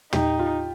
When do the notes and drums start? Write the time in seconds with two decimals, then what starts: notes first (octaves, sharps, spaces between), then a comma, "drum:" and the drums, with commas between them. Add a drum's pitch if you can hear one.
0.13 D#4 G4, drum: tom
0.39 F4